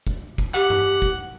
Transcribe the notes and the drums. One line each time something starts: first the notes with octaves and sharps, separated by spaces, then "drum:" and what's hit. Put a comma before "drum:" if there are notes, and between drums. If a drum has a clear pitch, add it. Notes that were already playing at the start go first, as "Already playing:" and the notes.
drum: kick F#1
drum: kick F#1
G4 F#5, drum: clap
drum: tom G2
drum: kick F#1